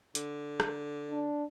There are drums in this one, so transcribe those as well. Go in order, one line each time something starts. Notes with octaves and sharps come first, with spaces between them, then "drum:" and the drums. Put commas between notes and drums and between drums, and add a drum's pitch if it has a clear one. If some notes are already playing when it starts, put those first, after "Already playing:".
D3, drum: hi-hat
drum: rim click
D4